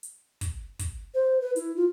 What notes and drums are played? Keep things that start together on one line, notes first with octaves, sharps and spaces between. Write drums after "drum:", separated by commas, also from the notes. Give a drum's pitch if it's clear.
drum: hi-hat
drum: kick, hi-hat
drum: kick, hi-hat
C5
B4
E4, drum: hi-hat
F4